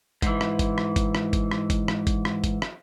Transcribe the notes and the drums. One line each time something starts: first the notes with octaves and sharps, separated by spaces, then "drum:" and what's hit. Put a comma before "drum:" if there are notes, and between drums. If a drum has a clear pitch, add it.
G#2 E3, drum: kick G1, hi-hat
drum: rim click
drum: kick G1, hi-hat
drum: rim click
drum: kick G1, hi-hat
drum: rim click
drum: kick G1, hi-hat
drum: rim click
drum: kick G1, hi-hat
drum: rim click
drum: kick G1, hi-hat
drum: rim click
drum: kick G1, hi-hat
drum: rim click